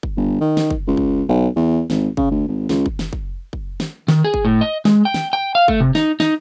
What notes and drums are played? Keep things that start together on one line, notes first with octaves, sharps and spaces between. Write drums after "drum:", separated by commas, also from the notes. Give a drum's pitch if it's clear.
drum: kick
G1
D#3
drum: snare
drum: kick
C#2
drum: kick
B1
E2
G#1, drum: snare
C#3, drum: kick
D2
G#1
C#2, drum: snare
drum: kick
drum: snare
drum: kick
drum: kick
drum: snare
D#3, drum: snare
G#4
drum: kick
A2
D#5
G#3, drum: snare
G5
drum: snare
G5
F5
A3, drum: kick
C3
D#4, drum: snare
D#4, drum: snare